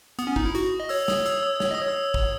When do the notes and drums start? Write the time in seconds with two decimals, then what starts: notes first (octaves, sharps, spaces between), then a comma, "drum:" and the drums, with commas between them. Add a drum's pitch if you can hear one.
0.19 B3 D#6, drum: hi-hat
0.27 C#4
0.36 D#4, drum: kick
0.45 E4
0.55 F#4, drum: hi-hat
0.80 D#5
0.89 C#5 E6, drum: open hi-hat
1.08 D#6, drum: snare
1.26 E6, drum: hi-hat
1.43 D#6
1.60 C#5 E6, drum: snare
1.71 D#5 D#6
1.82 C#5
1.88 E6
2.14 drum: kick